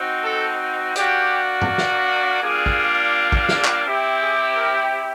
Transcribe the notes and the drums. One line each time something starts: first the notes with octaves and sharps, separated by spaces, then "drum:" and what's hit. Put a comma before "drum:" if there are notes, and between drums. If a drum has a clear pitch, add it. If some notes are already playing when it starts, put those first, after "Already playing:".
Already playing: C4 D#4 F#4
A4
A#3 D4 F#4 G4, drum: hi-hat
drum: tom G#2
drum: snare
G3 A#3 D4 F4 G#4
drum: kick
drum: kick
drum: snare
drum: clap
C4 E4 G4
G#4
A#4